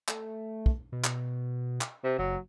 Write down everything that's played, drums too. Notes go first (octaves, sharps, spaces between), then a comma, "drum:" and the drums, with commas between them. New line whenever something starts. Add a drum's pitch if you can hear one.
A3, drum: clap
drum: kick
B2
drum: clap
drum: clap
C3
F#1 F#3